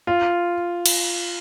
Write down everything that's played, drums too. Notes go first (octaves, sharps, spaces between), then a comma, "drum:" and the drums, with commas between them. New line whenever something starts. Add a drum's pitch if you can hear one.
F4
drum: cymbal